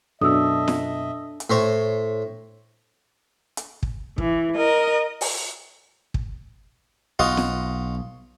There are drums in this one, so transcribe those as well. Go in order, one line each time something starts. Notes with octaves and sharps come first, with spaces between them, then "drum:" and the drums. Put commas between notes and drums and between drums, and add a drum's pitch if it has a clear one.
F#2 B2 D4 A4 D#5 E5 D#6 E6
drum: snare
drum: hi-hat
A2 C5 C#5
drum: hi-hat
drum: kick
E3, drum: kick
A#4 D#5
drum: open hi-hat
drum: kick
B1 F4 F#4 D#5
drum: snare